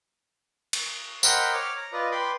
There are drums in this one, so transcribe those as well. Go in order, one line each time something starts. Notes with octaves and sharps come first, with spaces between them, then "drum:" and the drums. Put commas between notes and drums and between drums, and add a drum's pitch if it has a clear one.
drum: cymbal
A#4 C5 D#5 F#5 G5 B5, drum: tambourine
C#5 D6 F6
A#5
F4 B4 D5 D#5
B4 G5 B5 C6 D6